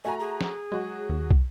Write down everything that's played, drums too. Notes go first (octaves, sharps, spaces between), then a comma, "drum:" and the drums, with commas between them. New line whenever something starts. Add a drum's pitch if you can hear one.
A3 F#4 G#5 A#5
G#4
drum: snare
F#3 G#3 F#4
D#2
drum: kick